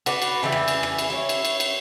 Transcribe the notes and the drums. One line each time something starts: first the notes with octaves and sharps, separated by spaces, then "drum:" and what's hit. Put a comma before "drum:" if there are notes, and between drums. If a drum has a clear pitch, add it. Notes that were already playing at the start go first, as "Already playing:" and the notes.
F#4 B4 D5, drum: cymbal
drum: cymbal
C#3 E3 G3 E4
drum: rim click
drum: cymbal
drum: rim click
drum: cymbal
E4 C#5
drum: cymbal
drum: cymbal
drum: cymbal